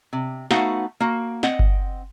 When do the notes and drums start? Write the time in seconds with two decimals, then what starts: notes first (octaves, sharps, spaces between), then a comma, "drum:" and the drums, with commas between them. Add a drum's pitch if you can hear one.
0.13 C3
0.51 A3 B3 D#4 F#4 F5 F#5, drum: snare
1.00 A#3 F#4
1.43 C4 D#5 F#5, drum: snare
1.59 drum: kick G1